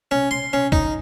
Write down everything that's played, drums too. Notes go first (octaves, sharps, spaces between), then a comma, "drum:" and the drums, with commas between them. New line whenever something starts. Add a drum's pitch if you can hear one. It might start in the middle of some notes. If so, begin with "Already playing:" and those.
C#4
C6
C#4
D#4, drum: kick